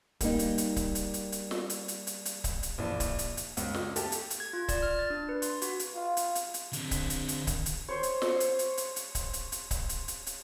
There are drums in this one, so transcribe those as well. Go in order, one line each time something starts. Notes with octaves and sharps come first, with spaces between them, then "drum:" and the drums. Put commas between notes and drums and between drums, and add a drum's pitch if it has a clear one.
G3 A#3 D#4, drum: kick C#1, hi-hat
drum: hi-hat
drum: hi-hat
drum: kick C#1, hi-hat
drum: hi-hat
drum: hi-hat
drum: hi-hat
drum: snare
drum: hi-hat
drum: hi-hat
drum: hi-hat
drum: hi-hat
drum: kick C#1, hi-hat
drum: hi-hat
A#1 E3
drum: kick C#1, hi-hat
drum: hi-hat
drum: hi-hat
C#2, drum: hi-hat
drum: snare
A3 G4 A5, drum: hi-hat
drum: hi-hat
drum: hi-hat
G#6
F4
D5, drum: kick C#1, hi-hat
F6
A6
D4
B4
C6, drum: hi-hat
F#4, drum: hi-hat
drum: hi-hat
F4
drum: hi-hat
drum: hi-hat
drum: hi-hat
D3 C4, drum: hi-hat
drum: kick C#1, hi-hat
drum: hi-hat
drum: hi-hat
drum: kick C#1, hi-hat
drum: hi-hat
C5 C#5
drum: hi-hat
drum: snare
drum: hi-hat
drum: hi-hat
drum: hi-hat
drum: hi-hat
drum: kick C#1, hi-hat
drum: hi-hat
drum: hi-hat
drum: kick C#1, hi-hat
drum: hi-hat
drum: hi-hat
drum: hi-hat